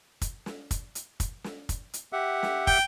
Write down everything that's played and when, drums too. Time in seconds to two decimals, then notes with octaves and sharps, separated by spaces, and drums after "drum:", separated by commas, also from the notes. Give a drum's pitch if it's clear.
0.22 drum: kick, hi-hat
0.46 drum: snare
0.71 drum: kick, hi-hat
0.95 drum: hi-hat
1.20 drum: kick, hi-hat
1.44 drum: snare
1.69 drum: kick, hi-hat
1.94 drum: hi-hat
2.13 G4 E5 F#5
2.43 drum: snare
2.67 G5, drum: kick